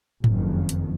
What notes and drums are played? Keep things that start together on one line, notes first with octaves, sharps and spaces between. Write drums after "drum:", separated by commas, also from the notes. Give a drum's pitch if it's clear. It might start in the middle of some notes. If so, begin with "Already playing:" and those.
F#1 F2 D#3, drum: tom G#2
drum: hi-hat